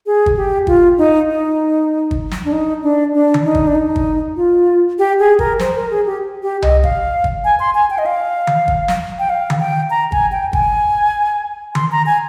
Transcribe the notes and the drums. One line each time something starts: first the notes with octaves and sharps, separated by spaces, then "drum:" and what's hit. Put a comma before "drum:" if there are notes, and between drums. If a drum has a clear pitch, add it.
G#4
drum: kick
G4
F4, drum: kick
D#4
D#4
drum: kick
drum: snare
D4
D#4
D4
D4
drum: tom D#3
D#4
drum: kick
D4
D#4
drum: kick
F4
G4
G#4
A#4, drum: kick
C5, drum: snare
A#4
G#4
G4
G4
D#5, drum: tom C2
F5, drum: kick
drum: kick
G#5
C6
G#5
G5
D#5
F5
drum: tom D#3
drum: kick
drum: snare
G5
F5
drum: tom D#3
G5
A#5
G#5, drum: kick
G5
G#5, drum: kick
C6, drum: tom D#3
A#5
G#5